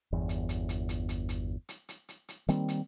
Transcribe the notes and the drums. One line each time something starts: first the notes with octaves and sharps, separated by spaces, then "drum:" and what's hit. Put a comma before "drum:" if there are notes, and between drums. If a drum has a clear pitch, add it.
G1 E2
drum: hi-hat
drum: hi-hat
drum: hi-hat
drum: hi-hat
drum: hi-hat
drum: hi-hat
drum: hi-hat
drum: hi-hat
drum: hi-hat
drum: hi-hat
D#3 G3 A#3 C4, drum: hi-hat
drum: hi-hat